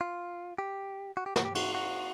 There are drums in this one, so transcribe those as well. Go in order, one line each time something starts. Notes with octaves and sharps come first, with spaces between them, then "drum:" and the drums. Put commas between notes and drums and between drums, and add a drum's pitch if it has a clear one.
F4
G4
F#4
G4
F#4, drum: snare
G4
F#4, drum: cymbal
F#4